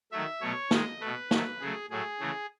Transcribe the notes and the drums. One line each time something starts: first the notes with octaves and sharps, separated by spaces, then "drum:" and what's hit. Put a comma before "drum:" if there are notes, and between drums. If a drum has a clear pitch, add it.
D#3 F#3 A3 E5
B2 F#3 A3 C#5
D#3 G#3 D#5, drum: snare
B2 A3 B4
D#3 F#3 A3, drum: snare
C#3 F#3 A3 G#4
A2 F#3 A3 G#4
C#3 E3 A3